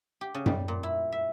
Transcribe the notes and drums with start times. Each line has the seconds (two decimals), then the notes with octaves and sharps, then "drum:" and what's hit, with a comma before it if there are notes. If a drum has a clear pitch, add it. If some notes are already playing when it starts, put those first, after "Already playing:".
0.21 G4
0.34 C#3
0.46 G3, drum: tom F#2
0.68 A#2
0.83 E4
1.12 E5